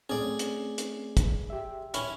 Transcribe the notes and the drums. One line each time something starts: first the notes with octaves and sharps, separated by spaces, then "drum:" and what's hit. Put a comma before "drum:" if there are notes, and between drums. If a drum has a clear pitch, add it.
A3 C4 C#4 G#4 D5
drum: hi-hat
drum: hi-hat
drum: kick, hi-hat
G4 E5
C#4 E4, drum: hi-hat